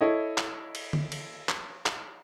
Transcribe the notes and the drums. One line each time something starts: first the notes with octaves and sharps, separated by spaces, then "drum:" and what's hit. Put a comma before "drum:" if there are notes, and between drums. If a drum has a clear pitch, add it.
E4 A4 C#5 D#5
drum: clap
drum: cymbal
drum: tom D3
drum: cymbal
drum: clap
drum: clap